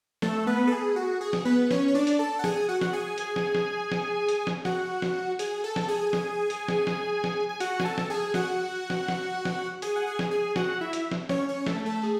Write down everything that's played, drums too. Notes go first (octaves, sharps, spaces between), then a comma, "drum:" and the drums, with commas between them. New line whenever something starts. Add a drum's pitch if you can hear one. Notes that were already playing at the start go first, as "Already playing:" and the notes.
A3 A4, drum: snare
B3 B4
A4
G#4
F#4
G#4
drum: snare
B3 B4
C#4 C#5, drum: snare
C#5
D4 D5
drum: hi-hat
A4 A5
F#5
G#4 G#5, drum: snare
F#4 F#5
F#5, drum: snare
G#4 G#5
drum: hi-hat
drum: snare
drum: snare
drum: snare
drum: hi-hat
drum: snare
F#4 F#5, drum: snare
drum: snare
G#4 G#5, drum: hi-hat
A4 A5
drum: snare
G#4 G#5
drum: snare
drum: hi-hat
drum: snare
drum: snare
drum: snare
G#5
F#4 F#5, drum: hi-hat
G#5, drum: snare
A4 A5
drum: snare
G#4 G#5
F#4 F#5, drum: snare
drum: snare
drum: snare
drum: snare
G#4 G#5, drum: hi-hat
F#5
G#4 G#5
drum: snare
G#4 G#5
F#4 F#5, drum: snare
E4 E5
drum: hi-hat
drum: snare
C#4 C#5, drum: snare
C#4 C#5
A3 A4, drum: snare
A3 A4
G#4